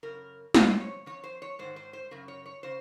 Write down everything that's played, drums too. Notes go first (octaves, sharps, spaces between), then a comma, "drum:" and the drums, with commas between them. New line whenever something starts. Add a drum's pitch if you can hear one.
F#2 C#3 A#4
F2 C3 C5, drum: snare
C#5
F2 C#3 C#5
C5
C#5
G#2 D#3 C5
C5
C5
F#2 C#3 A#4
C#5
C#5
C#3 C5